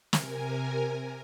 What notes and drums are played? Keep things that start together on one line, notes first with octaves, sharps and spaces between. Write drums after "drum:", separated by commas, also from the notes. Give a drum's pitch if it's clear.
C3 A#4 G#5, drum: snare